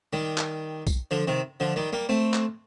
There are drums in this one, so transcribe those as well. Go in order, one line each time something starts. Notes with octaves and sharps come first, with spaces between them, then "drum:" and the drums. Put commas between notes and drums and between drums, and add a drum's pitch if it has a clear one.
D#3 G3
drum: clap
drum: kick, tambourine
D3 F3
C3 D#3
D3 F3
D#3 G3
G3 A#3
A3 C4
drum: clap